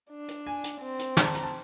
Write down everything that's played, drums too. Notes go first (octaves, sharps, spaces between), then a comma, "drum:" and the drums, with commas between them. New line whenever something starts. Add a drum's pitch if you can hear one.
D4
drum: hi-hat
G#5
drum: hi-hat
C4
drum: hi-hat
A#5, drum: snare
A5
A#5, drum: hi-hat
A5